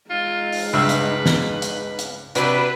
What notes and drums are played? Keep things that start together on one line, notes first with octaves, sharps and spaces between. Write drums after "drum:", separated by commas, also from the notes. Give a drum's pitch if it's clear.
G#3 D#4 F4
drum: open hi-hat
C#2 G2 B4 E5
drum: hi-hat
drum: snare
drum: hi-hat
drum: hi-hat
C3 D4 F#4 B4, drum: hi-hat